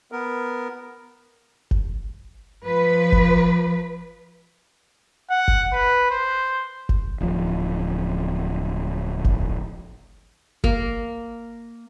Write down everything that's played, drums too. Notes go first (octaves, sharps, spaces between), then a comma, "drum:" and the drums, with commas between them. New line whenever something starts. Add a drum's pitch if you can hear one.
B3 A#4
drum: kick F#1
F3 B4
drum: kick F#1
F#5
drum: kick F#1
B4
C5
drum: kick F#1
D1 F3
drum: kick F#1
A#3, drum: kick F#1